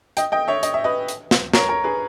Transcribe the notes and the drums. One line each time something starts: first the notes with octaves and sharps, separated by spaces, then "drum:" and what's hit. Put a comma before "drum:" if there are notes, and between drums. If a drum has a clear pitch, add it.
D#5 G5, drum: hi-hat
D#5 G5
C#5 E5
D#5, drum: hi-hat
E5
B4 D#5
drum: hi-hat
drum: snare
A#4 C#5, drum: snare
A#4 C#5
G#4 B4